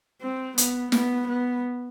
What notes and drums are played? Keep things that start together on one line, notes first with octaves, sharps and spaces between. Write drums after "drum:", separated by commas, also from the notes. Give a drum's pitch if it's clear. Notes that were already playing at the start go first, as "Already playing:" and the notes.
C4
B3, drum: hi-hat
B3, drum: snare
B3